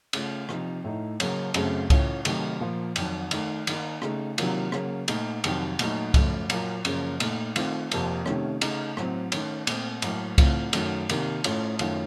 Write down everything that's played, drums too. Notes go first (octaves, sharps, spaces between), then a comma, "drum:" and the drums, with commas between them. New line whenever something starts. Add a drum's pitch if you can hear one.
C#3 A3 C#4 F4, drum: cymbal
C3 F3 C4 D#4, drum: rim click
A2 A3 D#4
C#3 F#3 A#3 C#4, drum: cymbal
F#2 C#3 A3 C4, drum: cymbal
A2 A3 C#4 F4, drum: kick C2, cymbal
C3 D#3 F#3 A3 D#4, drum: cymbal
A#2 F3 A#3 F4
F2 D#3 F#3, drum: cymbal
D#3 A3 D#4, drum: cymbal
D#3 A#3 D#4, drum: cymbal
C#3 A3 D#4, drum: rim click
C3 D#3 F#3 A#3 F4, drum: cymbal
C#3 F#3 A#3 C#4, drum: rim click
A#2 A3 D#4, drum: cymbal
F2 C3 D#3 F#3, drum: cymbal
A#2 F#3 A3 D#4, drum: cymbal
F#2 F3 A3, drum: kick C2, cymbal
A#2 F#3 A#3 F4, drum: cymbal
F#2 C#3 F3 A#3 C#4, drum: cymbal
A#2 A3 D#4, drum: cymbal
D#3 A3 C4 F4, drum: cymbal
F2 C3 F3 A#3, drum: cymbal
C3 D#3 A3 C#4, drum: rim click
C#3 A3 D#4, drum: cymbal
A2 F#3 C4, drum: rim click
D#3 A3 C#4, drum: cymbal
A#2 A3 C4, drum: cymbal
A2 F#3 A#3, drum: cymbal
A2 A3 C4 F4, drum: kick C2, cymbal
F#2 D#3 F#3 A3, drum: cymbal
C3 D#3 A#3, drum: cymbal
A2 A3 C#4 F4, drum: cymbal
F#2 D#3 A3 C#4 F4, drum: cymbal